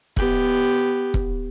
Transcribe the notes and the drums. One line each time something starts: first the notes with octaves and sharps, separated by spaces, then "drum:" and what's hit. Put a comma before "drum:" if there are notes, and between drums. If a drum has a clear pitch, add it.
B3 G4, drum: kick E1
drum: kick E1